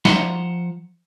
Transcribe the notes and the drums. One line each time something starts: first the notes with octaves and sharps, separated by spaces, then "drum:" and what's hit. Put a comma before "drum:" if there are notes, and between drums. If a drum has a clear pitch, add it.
F3 F#5 A5 A#5 C6, drum: snare